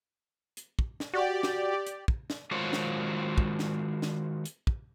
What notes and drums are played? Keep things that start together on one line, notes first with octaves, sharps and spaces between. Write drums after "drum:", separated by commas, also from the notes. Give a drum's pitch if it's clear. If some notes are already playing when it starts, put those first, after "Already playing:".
drum: hi-hat
drum: kick
drum: snare
F#4 G4 D5
drum: snare
drum: hi-hat
drum: kick
drum: snare
D#3 G#3 F4 F#4 C5 C#5
drum: snare
drum: kick
drum: snare
drum: snare
drum: hi-hat
drum: kick